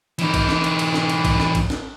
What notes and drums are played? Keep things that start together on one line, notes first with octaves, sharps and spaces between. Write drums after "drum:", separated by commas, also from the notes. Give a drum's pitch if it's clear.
E3 D#4, drum: cymbal
drum: kick A1, cymbal
drum: snare
drum: cymbal
drum: cymbal
drum: snare
drum: cymbal
drum: kick A1, cymbal
drum: snare
drum: kick A1, cymbal
drum: snare